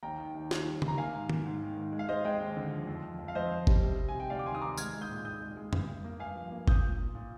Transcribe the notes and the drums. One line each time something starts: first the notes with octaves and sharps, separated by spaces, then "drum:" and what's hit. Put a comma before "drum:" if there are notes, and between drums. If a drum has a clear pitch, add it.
D#2 G5 A#5
D#3
D#2
D#2, drum: snare
G3
D#3, drum: tom C#3
A#5
A#3 F5 G#5
G#2
A#3, drum: tom D#3
G#2
D#3
G#2
G#3
F5
G#3 C5 D#5
G#3 D#5 G5
D#2
D3
F3
F2
F2
F2
F5
F2 C5 D#5
F2
G3, drum: kick G1
C3
C3
G#5
C3
G5
D2 D5 F5
D6
D#3 G#5 C6
D#6
D#3 A#5 D6
G#3 F6 G#6, drum: tambourine
G#3
D#6 G6
A#2
A#2 D#6 G6
G#3
G#3
G2, drum: tom F2
G2
A#3
G2 F5 G#5
F3
A#3
A#2 D#6 G6, drum: kick G1
A#2
A#2
A#2